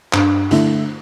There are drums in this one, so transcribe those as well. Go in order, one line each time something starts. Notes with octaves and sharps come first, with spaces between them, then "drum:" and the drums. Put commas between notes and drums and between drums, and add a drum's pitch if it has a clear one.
G2, drum: clap
D3 A3 E4, drum: hi-hat